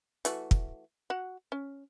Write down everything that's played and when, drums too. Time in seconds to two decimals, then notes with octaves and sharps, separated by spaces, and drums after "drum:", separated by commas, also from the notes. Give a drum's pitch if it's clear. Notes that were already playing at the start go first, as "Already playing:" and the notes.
0.25 E3 A3 F#4, drum: hi-hat
0.51 drum: kick
1.10 F#4 F#5
1.52 C#4